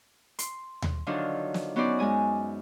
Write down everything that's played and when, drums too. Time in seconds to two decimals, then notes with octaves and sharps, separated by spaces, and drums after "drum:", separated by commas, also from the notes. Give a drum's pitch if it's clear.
0.39 C6, drum: hi-hat
0.82 drum: tom D#2
1.07 D3 D#3 F3 F#3 D4
1.54 drum: snare
1.76 F#3 B3 C#4 D#4 C5 D5
1.99 F#2 G#3 G#5 D#6